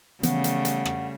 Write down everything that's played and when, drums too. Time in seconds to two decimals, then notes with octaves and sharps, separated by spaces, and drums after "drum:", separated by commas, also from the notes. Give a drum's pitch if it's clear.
0.23 C#3 E3 F3 G3 A3 B3 F#5, drum: hi-hat
0.44 drum: hi-hat
0.65 drum: hi-hat
0.85 drum: rim click